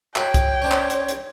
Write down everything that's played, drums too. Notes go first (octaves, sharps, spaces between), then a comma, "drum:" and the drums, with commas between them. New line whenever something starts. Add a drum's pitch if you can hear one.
F#4 C#5 G5, drum: clap
drum: kick C2, hi-hat
C#4 D4 C5
drum: clap
drum: hi-hat
drum: hi-hat